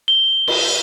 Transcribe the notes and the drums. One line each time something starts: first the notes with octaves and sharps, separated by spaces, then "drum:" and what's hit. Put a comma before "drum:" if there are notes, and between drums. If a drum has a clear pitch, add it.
G7
drum: cymbal